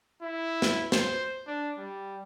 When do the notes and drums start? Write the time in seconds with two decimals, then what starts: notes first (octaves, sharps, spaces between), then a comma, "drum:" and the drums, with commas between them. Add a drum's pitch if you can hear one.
0.22 E4
0.62 drum: snare
0.92 C5, drum: snare
1.47 D4
1.78 G3